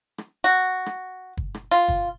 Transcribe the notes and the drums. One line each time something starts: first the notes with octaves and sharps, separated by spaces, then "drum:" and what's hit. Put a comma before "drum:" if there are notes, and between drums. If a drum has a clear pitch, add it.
drum: rim click
F#4
drum: rim click
drum: kick
drum: rim click
F4
drum: kick